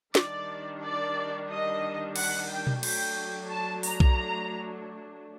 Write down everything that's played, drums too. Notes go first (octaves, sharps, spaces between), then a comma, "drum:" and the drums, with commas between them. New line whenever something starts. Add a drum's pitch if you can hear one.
D#3 G3 D4 D5, drum: snare
D5
D#5
F#5, drum: cymbal
G5
drum: tom B2
F#3 A3 D4 G5, drum: cymbal
A5
A#5, drum: open hi-hat
drum: kick B1